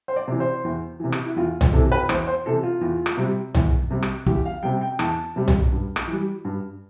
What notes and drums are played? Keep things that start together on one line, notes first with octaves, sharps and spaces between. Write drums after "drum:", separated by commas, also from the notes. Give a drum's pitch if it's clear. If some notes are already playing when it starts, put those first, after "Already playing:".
C5
D5
C3 E3
C5
E2
C3 E3
drum: rim click
E4
E2 F4
drum: tom B1
C3 E3 A4
B4
E2 C5, drum: rim click
C5
C3 E3 A4
F4
E2
drum: rim click
C3 G3
E2, drum: tom B1
C3 G3
drum: rim click
E2 G4, drum: kick
F5
C3 G3 G5
G5
E2 A5, drum: rim click
C3 G3
drum: tom B1
G2
drum: rim click
E3
G3
G2